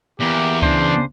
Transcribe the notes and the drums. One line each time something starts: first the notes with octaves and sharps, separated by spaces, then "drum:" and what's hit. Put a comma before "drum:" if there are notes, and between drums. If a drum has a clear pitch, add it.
E2 A#3 G4
C#3 D4 C5, drum: kick C#2